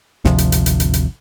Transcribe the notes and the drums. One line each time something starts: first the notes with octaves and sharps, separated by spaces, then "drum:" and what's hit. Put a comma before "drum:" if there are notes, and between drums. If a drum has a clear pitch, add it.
G#1 D2 C3 F3, drum: snare
drum: hi-hat
drum: hi-hat
drum: hi-hat
drum: hi-hat
drum: hi-hat